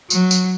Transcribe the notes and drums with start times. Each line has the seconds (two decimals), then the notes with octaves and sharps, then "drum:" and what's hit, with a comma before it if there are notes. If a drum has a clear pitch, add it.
0.10 F#3, drum: tambourine
0.31 drum: tambourine